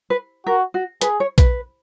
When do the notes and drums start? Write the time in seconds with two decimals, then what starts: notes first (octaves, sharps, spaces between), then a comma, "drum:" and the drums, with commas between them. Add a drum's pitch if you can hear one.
0.10 B4
0.47 F#4 A#4
0.74 F#4
1.01 G#4 B4, drum: hi-hat
1.20 C#5
1.38 B4, drum: kick A#1, hi-hat